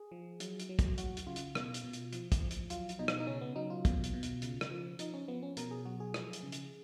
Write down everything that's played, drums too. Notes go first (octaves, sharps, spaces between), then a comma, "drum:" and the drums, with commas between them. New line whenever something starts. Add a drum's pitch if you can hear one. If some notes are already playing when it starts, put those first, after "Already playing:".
Already playing: G#4
F3
F#3, drum: hi-hat
drum: hi-hat
F#3
drum: kick, hi-hat
F#3 F#4, drum: hi-hat
drum: hi-hat
C#3 F4
drum: hi-hat
B2, drum: rim click
drum: hi-hat
B2
drum: hi-hat
F3, drum: hi-hat
drum: kick, hi-hat
F3
drum: hi-hat
F#3 F4, drum: hi-hat
drum: hi-hat
B2 D#4
drum: rim click
D#4
C#3 C#4
B3
F#3 D#4
F4
B2, drum: kick, hi-hat
drum: hi-hat
B2
drum: hi-hat
C#3, drum: hi-hat
drum: rim click
F3
F3 D#4, drum: hi-hat
C#4
F3 B3
C#4
B2 A#4, drum: hi-hat
G#4
F#3 F#4
G#4
F3, drum: rim click
drum: hi-hat
C#3
drum: hi-hat